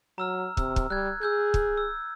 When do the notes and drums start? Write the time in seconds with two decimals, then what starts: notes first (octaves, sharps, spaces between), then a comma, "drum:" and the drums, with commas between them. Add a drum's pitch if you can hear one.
0.18 F#3 A#5 E6 F6
0.57 C3 E6, drum: kick
0.76 drum: kick
0.90 G3 F#6 G#6
1.22 G#4 E6 G6 G#6
1.54 drum: kick
1.78 E6